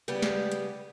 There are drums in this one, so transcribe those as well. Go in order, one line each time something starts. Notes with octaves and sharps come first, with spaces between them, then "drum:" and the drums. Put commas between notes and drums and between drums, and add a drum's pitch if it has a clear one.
C#3 G3 B3 G4
drum: snare
drum: hi-hat